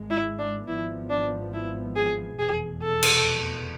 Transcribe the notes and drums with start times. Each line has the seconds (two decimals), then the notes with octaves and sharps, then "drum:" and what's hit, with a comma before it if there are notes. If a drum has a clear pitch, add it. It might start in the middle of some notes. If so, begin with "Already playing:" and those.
Already playing: G#1 G#2 G#3
0.10 E4
0.39 D4
0.67 G#1 G#2 F3 B3 E4
1.10 D4
1.53 E4
1.96 G#4
2.39 F1 E2 B2 G#4
2.82 A4
3.03 drum: cymbal